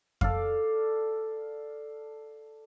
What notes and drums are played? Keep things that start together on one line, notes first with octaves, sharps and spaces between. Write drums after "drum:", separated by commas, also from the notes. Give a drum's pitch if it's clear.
A4 D5 F5, drum: kick F2